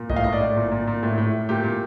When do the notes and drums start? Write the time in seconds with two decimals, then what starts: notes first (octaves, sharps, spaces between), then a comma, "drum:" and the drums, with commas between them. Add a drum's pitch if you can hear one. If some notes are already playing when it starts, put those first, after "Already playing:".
Already playing: A#2
0.10 A2 D#5, drum: kick A#1
0.16 F5
0.24 A2 D#5
0.33 D5
0.41 A2
0.56 A#2
0.71 A#2
0.87 A#2
1.03 A2
1.18 A2
1.33 A2
1.49 A#2 G4
1.64 A#2